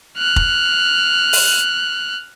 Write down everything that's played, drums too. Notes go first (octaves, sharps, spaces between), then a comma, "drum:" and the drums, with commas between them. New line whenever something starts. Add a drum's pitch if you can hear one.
F6 F#6
drum: kick F1
drum: open hi-hat